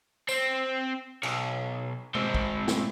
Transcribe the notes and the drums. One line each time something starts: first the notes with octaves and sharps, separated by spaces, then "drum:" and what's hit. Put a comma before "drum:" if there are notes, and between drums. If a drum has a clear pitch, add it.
C4, drum: tambourine
B1, drum: cymbal
G#2 C4, drum: tom B2
drum: kick
drum: snare